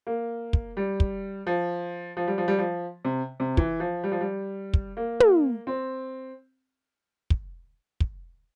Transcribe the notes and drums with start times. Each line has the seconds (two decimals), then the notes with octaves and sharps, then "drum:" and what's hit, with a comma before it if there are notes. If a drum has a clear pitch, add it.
0.07 A#3
0.53 drum: kick
0.77 G3
1.00 drum: kick
1.47 F3
2.17 F3
2.27 G3
2.38 F3
2.48 G3
2.59 F3
3.05 C3
3.40 C3
3.57 E3, drum: kick
3.80 F3
4.04 G3
4.12 F3
4.21 G3
4.74 drum: kick
4.97 A#3
5.20 drum: tom
5.67 C4
7.30 drum: kick
8.00 drum: kick